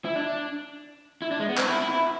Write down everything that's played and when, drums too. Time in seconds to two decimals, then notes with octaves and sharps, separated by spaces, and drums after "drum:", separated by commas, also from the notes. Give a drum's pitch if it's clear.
0.05 E4
0.16 D4
1.22 E4
1.31 D4
1.39 G#3
1.49 B3
1.57 C4, drum: clap
1.70 E4
1.82 E4
1.93 E4